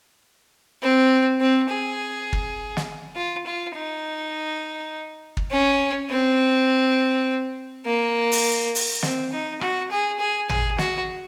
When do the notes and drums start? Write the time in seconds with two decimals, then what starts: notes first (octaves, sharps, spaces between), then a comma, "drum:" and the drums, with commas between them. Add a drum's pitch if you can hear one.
0.82 C4
1.41 C4
1.70 G#4
2.33 drum: kick
2.77 drum: snare
3.16 F4
3.46 F4
3.75 D#4
5.37 drum: kick
5.51 C#4
6.10 C4
7.85 A#3
8.32 drum: open hi-hat
8.75 drum: open hi-hat
9.02 C4, drum: snare
9.32 D#4
9.61 F#4, drum: rim click
9.91 G#4
10.19 G#4
10.49 G#4, drum: tom
10.78 F#4, drum: snare